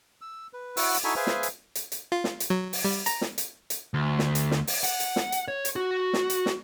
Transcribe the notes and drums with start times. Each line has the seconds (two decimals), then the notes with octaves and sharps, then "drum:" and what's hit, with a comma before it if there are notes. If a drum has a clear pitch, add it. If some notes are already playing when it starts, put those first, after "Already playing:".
0.21 E6
0.53 B4
0.77 E4 F#4 F#5 E6, drum: open hi-hat
0.94 drum: hi-hat
1.04 D#4 E4 F#4 A4 E5 G#5
1.16 G#4 B4 C5 E5 F5 G#5
1.27 drum: snare
1.43 drum: hi-hat
1.75 drum: hi-hat
1.92 drum: hi-hat
2.12 F4
2.24 drum: snare
2.40 drum: hi-hat
2.50 F#3
2.73 drum: open hi-hat
2.85 G3
3.06 A#5, drum: hi-hat
3.21 drum: snare
3.38 drum: hi-hat
3.70 drum: hi-hat
3.94 D2
4.19 drum: snare
4.35 drum: hi-hat
4.51 drum: snare
4.67 drum: open hi-hat
4.84 F#5, drum: hi-hat
5.00 drum: hi-hat
5.16 drum: snare
5.32 drum: hi-hat
5.48 C#5
5.65 drum: hi-hat
5.76 F#4
6.13 drum: snare
6.30 drum: hi-hat
6.46 drum: snare